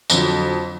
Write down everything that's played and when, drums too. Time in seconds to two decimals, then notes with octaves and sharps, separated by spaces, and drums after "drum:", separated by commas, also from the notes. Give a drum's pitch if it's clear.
0.10 F2 D3 F#3, drum: tambourine